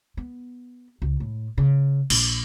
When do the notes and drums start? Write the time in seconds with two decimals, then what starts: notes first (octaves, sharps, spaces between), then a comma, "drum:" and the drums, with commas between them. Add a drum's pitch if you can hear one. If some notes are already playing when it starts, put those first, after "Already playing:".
0.17 B3
1.02 C#2
1.20 A2
1.58 C#3
2.10 A#1, drum: cymbal